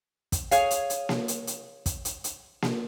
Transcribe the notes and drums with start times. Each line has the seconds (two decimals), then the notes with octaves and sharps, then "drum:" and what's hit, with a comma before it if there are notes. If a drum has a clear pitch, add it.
0.32 drum: kick, hi-hat
0.51 G#4 C#5 F5, drum: hi-hat
0.71 drum: hi-hat
0.90 drum: hi-hat
1.09 drum: snare A#3
1.28 drum: hi-hat
1.47 drum: hi-hat
1.86 drum: kick, hi-hat
2.05 drum: hi-hat
2.24 drum: hi-hat
2.62 drum: snare A#3